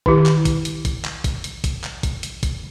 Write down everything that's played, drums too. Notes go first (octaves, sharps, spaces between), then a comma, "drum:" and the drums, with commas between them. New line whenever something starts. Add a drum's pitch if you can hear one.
D#3 E4 G4, drum: kick
drum: clap
drum: kick, hi-hat
drum: hi-hat
drum: kick, hi-hat
drum: clap
drum: kick, hi-hat
drum: hi-hat
drum: kick, hi-hat
drum: clap
drum: kick, hi-hat
drum: hi-hat
drum: kick, hi-hat